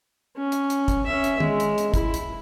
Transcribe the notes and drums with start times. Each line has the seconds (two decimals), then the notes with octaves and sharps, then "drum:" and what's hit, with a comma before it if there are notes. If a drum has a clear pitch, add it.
0.36 C#4
0.52 drum: hi-hat
0.70 drum: hi-hat
0.88 drum: kick, hi-hat
1.06 C#4 E5
1.24 drum: hi-hat
1.40 G#3, drum: tom
1.60 drum: hi-hat
1.78 drum: hi-hat
1.94 E4, drum: kick, hi-hat
2.14 drum: hi-hat